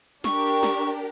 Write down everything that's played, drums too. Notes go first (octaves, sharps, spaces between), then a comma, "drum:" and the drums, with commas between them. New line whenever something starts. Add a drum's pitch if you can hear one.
D4 G4 A#4 C#6, drum: snare
drum: snare